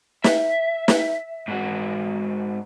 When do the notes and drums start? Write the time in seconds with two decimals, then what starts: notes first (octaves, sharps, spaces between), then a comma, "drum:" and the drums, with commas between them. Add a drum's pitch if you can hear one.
0.24 E5, drum: snare
0.88 drum: snare
1.48 G#2 F#4